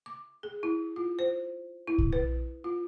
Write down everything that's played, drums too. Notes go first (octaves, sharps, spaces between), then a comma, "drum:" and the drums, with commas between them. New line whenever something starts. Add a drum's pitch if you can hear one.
D6
G#4
E4
F4
C5
E4
drum: kick
B4
F4